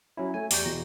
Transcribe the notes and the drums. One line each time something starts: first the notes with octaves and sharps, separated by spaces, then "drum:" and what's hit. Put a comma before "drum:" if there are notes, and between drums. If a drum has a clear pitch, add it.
F#3 C#4 E4
A3 G#5
E2 G4 D5 A#5 C#6 G6, drum: open hi-hat
E2 B2 A#6